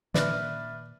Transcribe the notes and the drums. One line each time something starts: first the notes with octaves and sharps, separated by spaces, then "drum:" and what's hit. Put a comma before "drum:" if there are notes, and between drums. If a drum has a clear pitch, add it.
A#2 D#3 A#3 D4 B4 D5 E5 F6, drum: snare